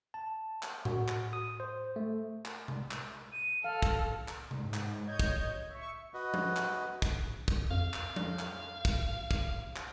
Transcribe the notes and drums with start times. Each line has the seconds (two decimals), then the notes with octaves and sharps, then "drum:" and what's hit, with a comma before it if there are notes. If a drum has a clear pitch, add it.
0.14 A5
0.63 drum: clap
0.85 F#4, drum: tom A2
1.08 drum: clap
1.33 D#6
1.60 C5
1.96 A3
2.45 drum: clap
2.68 drum: tom C3
2.91 drum: clap
3.32 D#7
3.64 A4 F5 F6
3.82 drum: kick, hi-hat
4.28 drum: clap
4.51 drum: tom C3
4.63 G#2
4.74 drum: clap
5.06 C#5 D#5 G6 G#6
5.19 drum: kick, hi-hat
5.70 E5 C#6
6.14 F#4 B4 D#5
6.34 drum: tom F3
6.57 drum: clap
7.02 drum: kick, hi-hat
7.48 drum: kick, hi-hat
7.71 F2 F5
7.94 drum: clap
8.16 drum: tom F3
8.39 drum: clap
8.85 drum: kick, hi-hat
9.31 drum: kick, hi-hat
9.76 drum: clap